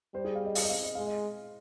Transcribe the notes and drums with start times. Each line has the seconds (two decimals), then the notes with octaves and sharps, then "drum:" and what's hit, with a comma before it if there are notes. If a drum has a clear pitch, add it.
0.14 G3 C5
0.25 G#4
0.35 F5
0.45 D#5
0.55 F5, drum: open hi-hat
0.63 D#5
0.69 F5
0.83 D#5
0.95 G#3 F5
1.06 D#5